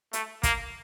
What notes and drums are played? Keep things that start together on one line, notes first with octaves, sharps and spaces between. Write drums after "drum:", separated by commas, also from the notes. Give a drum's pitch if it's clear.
A3, drum: hi-hat
A#3, drum: kick, hi-hat